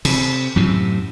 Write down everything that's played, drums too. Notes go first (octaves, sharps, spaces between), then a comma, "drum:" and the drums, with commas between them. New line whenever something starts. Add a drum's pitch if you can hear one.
C3, drum: cymbal
F#2 A2 C3